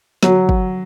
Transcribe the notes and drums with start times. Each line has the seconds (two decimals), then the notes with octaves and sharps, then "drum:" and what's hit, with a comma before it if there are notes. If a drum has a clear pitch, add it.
0.23 F#3, drum: snare
0.49 drum: kick